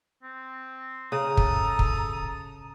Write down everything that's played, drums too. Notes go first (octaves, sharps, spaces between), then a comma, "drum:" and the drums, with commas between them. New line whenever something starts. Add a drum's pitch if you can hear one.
C4
C#3 A#5 D#6
A4, drum: kick
drum: kick